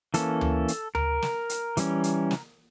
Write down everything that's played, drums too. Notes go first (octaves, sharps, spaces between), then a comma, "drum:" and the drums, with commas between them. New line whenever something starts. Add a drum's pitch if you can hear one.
E3 A#3 C#4 A4, drum: hi-hat
drum: tom D2
drum: hi-hat
A#4, drum: tom D2
drum: snare
drum: hi-hat
E3 G3 C#4, drum: hi-hat
drum: hi-hat
drum: snare